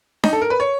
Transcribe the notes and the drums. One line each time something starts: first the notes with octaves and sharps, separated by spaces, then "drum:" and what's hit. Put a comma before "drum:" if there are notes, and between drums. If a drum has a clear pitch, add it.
D#4, drum: snare D4
A4
A#4
B4
C#5